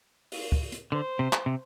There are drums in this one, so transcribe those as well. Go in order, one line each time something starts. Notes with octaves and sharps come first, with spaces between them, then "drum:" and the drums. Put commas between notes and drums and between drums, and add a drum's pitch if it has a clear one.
drum: open hi-hat
drum: kick
drum: hi-hat
D3 C5
C3
drum: clap
C3